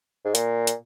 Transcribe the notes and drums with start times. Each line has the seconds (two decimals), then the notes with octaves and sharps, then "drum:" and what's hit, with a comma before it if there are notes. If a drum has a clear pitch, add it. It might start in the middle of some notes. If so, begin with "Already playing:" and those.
0.25 G#2
0.35 A#2, drum: hi-hat
0.67 drum: hi-hat